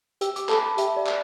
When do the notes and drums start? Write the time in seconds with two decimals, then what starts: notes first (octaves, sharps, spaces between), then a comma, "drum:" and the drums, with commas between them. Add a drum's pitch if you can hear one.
0.21 G4 E6, drum: hi-hat
0.36 D6, drum: hi-hat
0.49 A4 B5, drum: clap
0.58 A5
0.64 B5
0.78 G4 E5, drum: hi-hat
0.97 D5
1.07 drum: clap